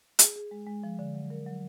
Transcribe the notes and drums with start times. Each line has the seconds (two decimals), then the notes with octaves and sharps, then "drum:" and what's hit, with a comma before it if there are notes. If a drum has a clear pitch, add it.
0.19 G#4, drum: hi-hat
0.36 G#4
0.51 G#3
0.66 G#3
0.84 F3
0.99 D3
1.15 F#3
1.30 A#4
1.46 F#3